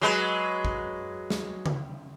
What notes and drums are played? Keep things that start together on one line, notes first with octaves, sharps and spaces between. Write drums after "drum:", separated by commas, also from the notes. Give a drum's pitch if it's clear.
F#3 G#3 B4
drum: kick
drum: snare
drum: tom C#3